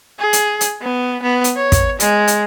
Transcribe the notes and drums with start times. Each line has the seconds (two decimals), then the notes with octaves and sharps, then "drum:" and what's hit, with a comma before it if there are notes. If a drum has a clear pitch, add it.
0.19 G#4
0.33 drum: hi-hat
0.61 drum: hi-hat
0.81 B3
1.23 B3
1.44 drum: hi-hat
1.56 C#5
1.72 drum: kick, hi-hat
2.00 G#3, drum: hi-hat
2.27 drum: hi-hat